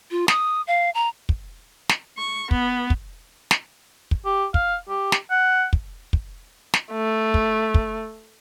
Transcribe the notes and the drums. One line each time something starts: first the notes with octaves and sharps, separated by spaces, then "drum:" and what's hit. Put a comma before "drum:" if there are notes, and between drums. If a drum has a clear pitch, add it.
F4
D#6, drum: snare
F5
A#5
drum: kick
drum: snare
C#6
B3, drum: kick
drum: kick
drum: snare
drum: kick
G4
F5, drum: kick
G4
drum: snare
F#5
drum: kick
drum: kick
drum: snare
A3
drum: kick
drum: kick